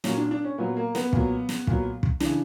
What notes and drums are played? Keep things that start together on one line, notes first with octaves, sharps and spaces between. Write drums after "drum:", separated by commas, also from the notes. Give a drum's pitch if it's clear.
A#2 F#3 C#4, drum: snare
D4
D4
C#4
A#2 F#3 B3
A#3
B3, drum: snare
A#2 F#3, drum: kick
drum: snare
A#2 F#3, drum: kick
drum: kick
C#3 E3 D4, drum: snare